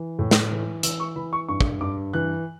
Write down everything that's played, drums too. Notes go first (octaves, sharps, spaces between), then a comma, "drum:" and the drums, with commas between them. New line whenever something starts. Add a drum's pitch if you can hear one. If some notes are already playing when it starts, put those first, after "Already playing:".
Already playing: E3
A2
drum: snare
E3
E3 E6, drum: hi-hat
C#6
E3 B5
C#6
G2 C#6
drum: kick
G2 D6
E3 F#6